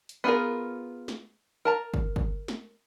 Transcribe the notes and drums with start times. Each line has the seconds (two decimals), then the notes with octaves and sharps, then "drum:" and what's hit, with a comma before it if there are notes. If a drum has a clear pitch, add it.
0.09 drum: hi-hat
0.24 B3 F4 G#4 A#4
1.08 drum: snare
1.65 A#4 A5 A#5
1.94 drum: kick
2.16 drum: kick
2.48 drum: snare